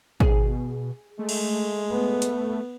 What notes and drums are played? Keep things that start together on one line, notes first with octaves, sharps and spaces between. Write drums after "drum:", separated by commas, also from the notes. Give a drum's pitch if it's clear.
B2 G#4, drum: kick
G#3 A3
drum: cymbal
B3
drum: hi-hat